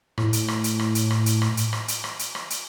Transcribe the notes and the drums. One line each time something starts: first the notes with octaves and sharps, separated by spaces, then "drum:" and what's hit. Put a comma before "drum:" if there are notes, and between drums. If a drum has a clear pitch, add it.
A2, drum: rim click
drum: hi-hat
drum: rim click
drum: hi-hat
drum: rim click
drum: hi-hat
drum: rim click
drum: hi-hat
drum: rim click
drum: hi-hat
drum: rim click
drum: hi-hat
drum: rim click
drum: hi-hat
drum: rim click
drum: hi-hat